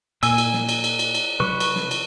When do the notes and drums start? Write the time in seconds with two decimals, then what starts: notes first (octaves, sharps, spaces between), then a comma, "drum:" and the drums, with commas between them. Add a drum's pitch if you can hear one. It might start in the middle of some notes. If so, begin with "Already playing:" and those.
0.23 A#2 G#5 E6, drum: cymbal
0.38 drum: cymbal
0.53 drum: snare
0.69 drum: cymbal
0.84 drum: cymbal
0.99 drum: cymbal
1.15 drum: cymbal
1.40 C3 F#3 B4 C#6
1.60 drum: cymbal
1.76 drum: snare
1.91 drum: cymbal